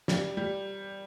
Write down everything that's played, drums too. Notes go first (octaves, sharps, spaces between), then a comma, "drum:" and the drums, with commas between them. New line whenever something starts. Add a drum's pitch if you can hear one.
G3, drum: snare
G3